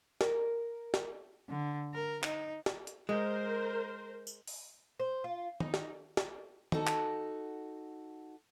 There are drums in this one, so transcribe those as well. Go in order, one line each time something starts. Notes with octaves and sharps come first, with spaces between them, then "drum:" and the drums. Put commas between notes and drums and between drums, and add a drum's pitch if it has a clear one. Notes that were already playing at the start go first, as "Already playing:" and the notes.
A#4, drum: snare
drum: snare
D3
A#4
D#4, drum: clap
drum: snare
drum: hi-hat
G#3 A#4 C5
drum: tambourine
drum: open hi-hat
C5
F4
D#4, drum: tom
drum: snare
drum: snare
D#4 F#4 A4, drum: tom
drum: clap